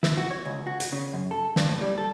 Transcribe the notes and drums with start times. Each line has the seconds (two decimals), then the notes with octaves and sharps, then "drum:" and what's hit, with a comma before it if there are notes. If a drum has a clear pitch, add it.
0.03 E4, drum: snare
0.17 F#4
0.31 C#5
0.45 C#2
0.67 F#4
0.80 drum: hi-hat
0.92 C#3
1.13 F#2
1.31 A4
1.56 G2, drum: snare
1.69 A2
1.81 G3
1.98 A4